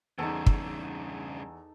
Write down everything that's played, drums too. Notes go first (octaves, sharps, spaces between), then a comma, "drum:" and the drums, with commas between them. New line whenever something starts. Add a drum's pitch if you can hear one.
E2 G2 C#3 D#4 A4
drum: kick